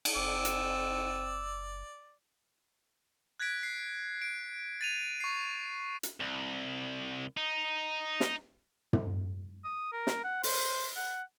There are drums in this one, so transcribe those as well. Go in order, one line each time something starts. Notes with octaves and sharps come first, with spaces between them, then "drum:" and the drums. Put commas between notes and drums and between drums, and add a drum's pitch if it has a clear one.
drum: cymbal
F#1 C4 D5 E6
drum: hi-hat
F#6 G#6 A#6 B6 D7
C7
D7
A6 D#7 F7
C#6 C7
drum: hi-hat
C2
D#4
drum: snare
drum: tom
D#6
A#4
drum: snare
F#5
C5, drum: open hi-hat
F#5